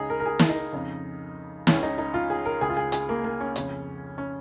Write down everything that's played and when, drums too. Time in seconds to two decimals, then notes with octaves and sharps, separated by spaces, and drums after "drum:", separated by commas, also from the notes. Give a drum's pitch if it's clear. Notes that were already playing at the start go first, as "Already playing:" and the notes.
Already playing: C#2 C#3 D#4 G#4
0.10 A#4
0.20 A#4
0.26 G#4
0.39 drum: snare
0.49 D#4
0.73 F2 C#3
1.67 C#2 C#3 C#4, drum: snare
1.83 D#4
1.98 D#4
2.14 F4
2.30 G#4
2.45 A#4
2.61 C#2 C#3 G#4
2.69 F4
2.77 G#4
2.92 G#4, drum: hi-hat
3.09 A#3
3.24 A#3
3.40 C#4
3.56 F2 C#3, drum: hi-hat
4.18 C#4